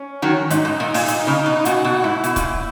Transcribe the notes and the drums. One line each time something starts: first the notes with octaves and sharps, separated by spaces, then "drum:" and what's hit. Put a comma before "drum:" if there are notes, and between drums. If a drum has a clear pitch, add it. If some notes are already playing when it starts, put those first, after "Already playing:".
Already playing: C#4
D#3 F#3
G#2 D#4, drum: hi-hat
G#2
A#2
A#2, drum: open hi-hat
A#2, drum: hi-hat
C#3
B2
A#2 F#4, drum: hi-hat
B2 F#4
F#4
G#2 E4
B2, drum: hi-hat
A#2, drum: kick C#1, hi-hat